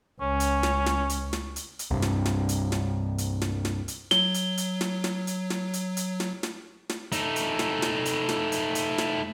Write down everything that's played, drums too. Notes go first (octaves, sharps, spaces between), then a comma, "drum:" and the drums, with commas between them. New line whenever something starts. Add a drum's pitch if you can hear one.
C#2 C#4
drum: hi-hat
drum: snare
drum: snare
drum: hi-hat
drum: snare
drum: hi-hat
drum: hi-hat
C2 G2
drum: snare
drum: snare
drum: hi-hat
drum: snare
drum: hi-hat
drum: snare
drum: snare
drum: hi-hat
F#3 G7, drum: snare
drum: hi-hat
drum: hi-hat
drum: snare
drum: snare
drum: hi-hat
drum: snare
drum: hi-hat
drum: hi-hat
drum: snare
drum: snare
drum: snare
A3 D#4, drum: hi-hat
drum: hi-hat
drum: snare
drum: snare
drum: hi-hat
drum: snare
drum: hi-hat
drum: hi-hat
drum: snare